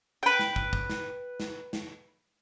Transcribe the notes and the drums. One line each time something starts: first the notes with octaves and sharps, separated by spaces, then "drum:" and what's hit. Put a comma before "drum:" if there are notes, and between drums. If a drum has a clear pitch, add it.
B4 G5
drum: snare
drum: kick
drum: kick
drum: snare
drum: snare
drum: snare